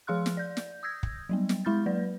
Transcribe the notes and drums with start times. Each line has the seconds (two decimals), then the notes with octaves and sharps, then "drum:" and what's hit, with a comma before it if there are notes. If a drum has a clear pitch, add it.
0.07 F3 G#4 F5 C6 F6 F#6
0.26 drum: snare
0.37 D5 G6
0.57 drum: snare
0.83 D#6 E6 G6 G#6 A#6
1.03 drum: kick
1.29 F#3 G3 B3
1.49 drum: snare
1.65 G#3 E4 B5 F6 G6 A6
1.86 F#3 A#3 B4 D5